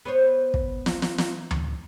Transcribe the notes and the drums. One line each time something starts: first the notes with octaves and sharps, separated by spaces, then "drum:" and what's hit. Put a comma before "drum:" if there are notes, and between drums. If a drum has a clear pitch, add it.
B3 C5 C#5
drum: kick
drum: snare
drum: snare
drum: snare
drum: tom D2